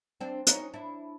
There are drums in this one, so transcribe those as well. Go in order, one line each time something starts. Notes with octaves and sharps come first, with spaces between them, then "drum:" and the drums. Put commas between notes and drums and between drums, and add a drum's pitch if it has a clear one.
C4 D4
C#4 D#4, drum: hi-hat
D4 E4